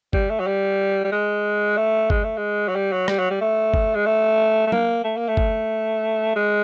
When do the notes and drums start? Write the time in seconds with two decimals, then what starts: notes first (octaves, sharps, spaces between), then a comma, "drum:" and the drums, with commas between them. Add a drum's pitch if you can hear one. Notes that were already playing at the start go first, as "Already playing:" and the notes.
0.13 G3, drum: kick
0.30 A3
0.40 F#3
0.47 G3
1.04 G3
1.12 G#3
1.77 A3
2.10 G#3, drum: kick
2.24 A3
2.37 G#3
2.68 F#3
2.75 G3
2.92 F#3
3.08 G3, drum: rim click
3.19 F#3
3.30 G3
3.41 A3
3.74 drum: kick
3.95 G#3
4.06 A3
4.67 A3
4.72 A#3, drum: tom F#3
5.04 A3
5.17 A#3
5.28 A3
5.37 drum: kick
6.35 G#3